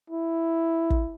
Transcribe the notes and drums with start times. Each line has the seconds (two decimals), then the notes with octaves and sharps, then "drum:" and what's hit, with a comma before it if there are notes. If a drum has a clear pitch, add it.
0.10 E4
0.90 drum: kick